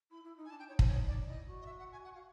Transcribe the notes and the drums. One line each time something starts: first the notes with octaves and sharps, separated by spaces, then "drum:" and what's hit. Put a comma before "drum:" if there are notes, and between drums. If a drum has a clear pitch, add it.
E4 B5
E4
D#4
G#5
D4 A5
G5
D#4 C#5
C5, drum: kick
C#5
D5
E4 D#5
F#4
D#5
E5
F#5
G#5
F#5
F5